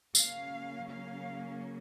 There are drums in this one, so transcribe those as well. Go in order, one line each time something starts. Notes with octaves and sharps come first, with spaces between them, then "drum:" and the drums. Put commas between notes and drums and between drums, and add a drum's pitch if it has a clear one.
C#3 F#3 A#3 C#4 F5, drum: tambourine
F5